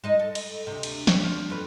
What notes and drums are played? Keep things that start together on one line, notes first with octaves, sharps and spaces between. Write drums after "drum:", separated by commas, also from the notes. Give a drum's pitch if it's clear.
G#3 D#4 D#5
A4
drum: cymbal
D2 C3
drum: cymbal
G3 C#5, drum: snare
F3
F2 B4